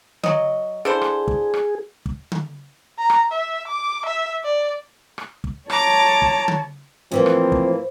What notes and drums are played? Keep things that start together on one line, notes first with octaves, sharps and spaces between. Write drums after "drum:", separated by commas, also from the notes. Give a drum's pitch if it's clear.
F#3 D#5, drum: tom D3
D3 E4 G#4 C5
drum: rim click
drum: kick
drum: rim click
drum: kick
drum: tom D3
A#5
drum: rim click
E5
D6
E5
D5
drum: rim click
drum: kick
C#5 A5 A#5 D6, drum: rim click
drum: kick
drum: tom D3
A2 E3 F3 A#3 C4 C5
drum: rim click
drum: kick